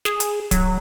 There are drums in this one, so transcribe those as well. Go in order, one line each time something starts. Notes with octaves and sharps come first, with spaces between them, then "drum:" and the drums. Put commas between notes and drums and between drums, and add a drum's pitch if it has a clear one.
G#4, drum: snare
drum: hi-hat
F#3, drum: kick D1, hi-hat